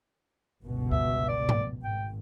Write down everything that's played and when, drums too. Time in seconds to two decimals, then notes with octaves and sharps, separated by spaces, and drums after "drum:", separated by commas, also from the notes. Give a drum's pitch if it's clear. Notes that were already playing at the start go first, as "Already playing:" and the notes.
0.62 G1 C#2 B2
0.91 E5, drum: kick C#2
1.29 D5
1.49 drum: tom G#2
1.84 G#1 G5